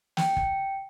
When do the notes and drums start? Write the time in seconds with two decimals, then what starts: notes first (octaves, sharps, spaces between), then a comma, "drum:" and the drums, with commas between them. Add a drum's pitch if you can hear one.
0.17 G5, drum: snare
0.37 drum: kick